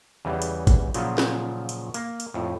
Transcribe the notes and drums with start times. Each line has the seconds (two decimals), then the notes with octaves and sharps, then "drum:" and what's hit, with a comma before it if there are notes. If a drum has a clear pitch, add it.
0.25 E2 C#3 E3 G3
0.42 drum: hi-hat
0.67 drum: kick, hi-hat
0.94 A#2 C#3 F3 F#3, drum: hi-hat
1.18 drum: snare
1.69 drum: hi-hat
1.94 A#3, drum: hi-hat
2.20 drum: hi-hat
2.34 F2 A2